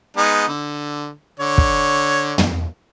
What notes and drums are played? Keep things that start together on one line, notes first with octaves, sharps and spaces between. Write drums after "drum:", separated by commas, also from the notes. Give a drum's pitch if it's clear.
G#3 B3 D#4
D3
D3 C#5
drum: kick
drum: tom